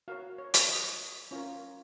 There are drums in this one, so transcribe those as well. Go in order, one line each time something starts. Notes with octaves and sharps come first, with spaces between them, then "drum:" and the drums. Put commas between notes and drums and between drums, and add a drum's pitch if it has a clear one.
F#4 A#4 C#5 F5
C#5
C#5, drum: hi-hat
D#5
C#4 F4 A#4 C#5